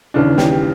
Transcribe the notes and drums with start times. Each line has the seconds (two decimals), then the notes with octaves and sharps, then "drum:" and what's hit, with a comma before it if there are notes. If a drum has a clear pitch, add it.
0.14 D#2 C#3 E3 D4
0.38 G4, drum: snare